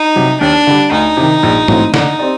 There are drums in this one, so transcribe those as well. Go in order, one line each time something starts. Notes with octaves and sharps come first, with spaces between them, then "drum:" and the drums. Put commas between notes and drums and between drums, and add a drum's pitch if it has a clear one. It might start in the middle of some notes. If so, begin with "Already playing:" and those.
Already playing: D#4
C3 F#3
D#2 D4
D3 G3
D2 D#4
C3 D#3
A#1
A2 F#3 A3 C4, drum: tom
D3 D#4, drum: snare
C4 G4 D5